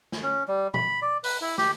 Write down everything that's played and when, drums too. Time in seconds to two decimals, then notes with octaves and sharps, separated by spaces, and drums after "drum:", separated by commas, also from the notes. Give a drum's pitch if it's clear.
0.12 drum: snare
0.23 C#4
0.48 G3
0.74 B5, drum: tom
1.02 D5
1.24 B4, drum: open hi-hat
1.41 E4
1.58 G4, drum: snare